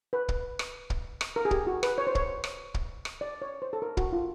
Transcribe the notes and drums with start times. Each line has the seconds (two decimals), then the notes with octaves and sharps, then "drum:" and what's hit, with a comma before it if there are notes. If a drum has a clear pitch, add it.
0.13 B4
0.29 drum: kick
0.59 drum: rim click
0.90 drum: kick
1.21 drum: rim click
1.36 A#4
1.45 G#4
1.51 G4, drum: kick
1.67 F#4
1.83 B4, drum: rim click
1.98 C#5
2.07 C5
2.15 C#5, drum: kick
2.44 drum: rim click
2.74 drum: kick
3.05 drum: rim click
3.21 D5
3.42 C#5
3.62 C5
3.73 A4
3.82 A#4
3.97 F#4, drum: kick
4.13 F4